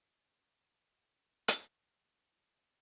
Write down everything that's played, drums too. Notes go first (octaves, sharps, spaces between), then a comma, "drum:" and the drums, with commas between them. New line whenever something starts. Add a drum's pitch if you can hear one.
C2 D3 B3
drum: hi-hat